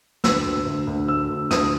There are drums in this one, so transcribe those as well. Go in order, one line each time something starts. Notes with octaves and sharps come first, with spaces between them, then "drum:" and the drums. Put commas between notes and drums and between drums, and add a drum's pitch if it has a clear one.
D2 E6, drum: snare
D2
D2
D2
D2 E6
D2
D2 D#6, drum: snare